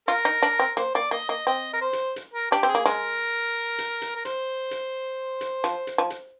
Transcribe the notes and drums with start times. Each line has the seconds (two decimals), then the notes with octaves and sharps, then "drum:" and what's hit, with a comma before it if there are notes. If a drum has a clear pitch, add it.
0.08 F4 A#4, drum: hi-hat
0.25 D#4
0.42 D4
0.59 C4
0.77 A#3 C5, drum: hi-hat
0.95 A#3 D5
1.11 A#3 D#5
1.29 A#3 D#5
1.47 C4 D#5
1.73 A#4
1.81 C5
1.93 drum: hi-hat
2.16 drum: hi-hat
2.34 A#4
2.51 D4 G4
2.63 C4, drum: hi-hat
2.68 G#4
2.75 A#3
2.85 G#3 A#4, drum: hi-hat
3.78 drum: hi-hat
4.02 drum: hi-hat
4.15 A#4
4.25 C5, drum: hi-hat
4.71 drum: hi-hat
5.41 drum: hi-hat
5.64 F3, drum: hi-hat
5.87 drum: hi-hat
5.98 F3
6.10 drum: hi-hat